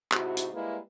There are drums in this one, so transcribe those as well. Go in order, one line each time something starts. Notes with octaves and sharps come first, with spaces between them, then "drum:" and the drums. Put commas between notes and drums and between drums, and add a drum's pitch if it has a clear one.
G#2 C3 E4 F#4, drum: clap
drum: hi-hat
G3 G#3 A#3 E4 B4